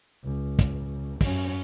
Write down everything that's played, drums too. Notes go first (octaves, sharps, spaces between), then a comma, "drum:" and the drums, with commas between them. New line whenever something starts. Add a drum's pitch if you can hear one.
C#2
drum: kick, hi-hat
F#2 C#4, drum: kick, open hi-hat